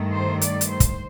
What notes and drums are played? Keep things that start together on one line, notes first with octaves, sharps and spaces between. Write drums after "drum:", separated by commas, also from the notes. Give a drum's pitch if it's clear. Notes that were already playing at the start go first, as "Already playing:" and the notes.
Already playing: G2 D#3 A3
C5
D5, drum: hi-hat
drum: hi-hat
C5
drum: kick, hi-hat